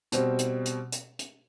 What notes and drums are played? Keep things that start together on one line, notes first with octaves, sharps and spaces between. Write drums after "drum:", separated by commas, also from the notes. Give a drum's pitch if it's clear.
B2 G3 C4, drum: hi-hat
drum: hi-hat
drum: hi-hat
drum: hi-hat
drum: hi-hat